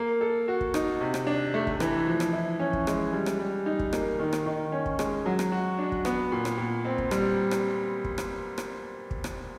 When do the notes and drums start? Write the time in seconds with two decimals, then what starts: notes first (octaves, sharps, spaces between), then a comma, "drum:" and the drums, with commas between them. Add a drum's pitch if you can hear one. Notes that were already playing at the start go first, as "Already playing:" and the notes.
Already playing: A#3
0.21 A4
0.48 F#4
0.61 drum: kick
0.74 D#4, drum: rim click
1.01 C3
1.14 drum: rim click
1.27 D4
1.54 A3
1.67 drum: kick
1.80 E3, drum: rim click
2.07 F3
2.20 drum: rim click
2.33 E4
2.60 C#4
2.73 drum: kick
2.87 G#3, drum: rim click
3.13 G3
3.26 drum: rim click
3.39 G3
3.66 D#4
3.79 drum: kick
3.93 A#3, drum: rim click
4.19 D#3
4.33 drum: rim click
4.46 D#3
4.72 C#4
4.86 drum: kick
4.99 G#3, drum: rim click
5.26 F#3
5.39 drum: rim click
5.52 F#4
5.78 D4
5.92 drum: kick
6.05 B3, drum: rim click
6.32 A#2
6.45 drum: rim click
6.58 A#2
6.85 C4
6.98 drum: kick
7.11 G3, drum: rim click
7.51 drum: rim click
8.04 drum: kick
8.18 drum: rim click
8.58 drum: rim click
9.11 drum: kick
9.24 drum: rim click